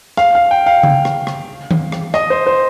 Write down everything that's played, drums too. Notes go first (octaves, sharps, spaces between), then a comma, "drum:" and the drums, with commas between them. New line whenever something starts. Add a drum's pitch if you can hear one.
F5, drum: rim click
F5
G5
F5
drum: tom C#3
drum: rim click
drum: rim click
drum: tom D#3
drum: rim click
D#5, drum: rim click
C5
C5